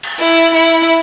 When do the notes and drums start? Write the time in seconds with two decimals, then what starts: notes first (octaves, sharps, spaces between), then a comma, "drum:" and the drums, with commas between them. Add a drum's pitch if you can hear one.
0.03 drum: cymbal
0.20 E4
0.55 E4